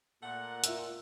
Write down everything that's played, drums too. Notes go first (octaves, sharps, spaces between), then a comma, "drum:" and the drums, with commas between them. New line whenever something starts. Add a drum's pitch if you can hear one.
A#2 A3 F#5
F4 E5 E6, drum: hi-hat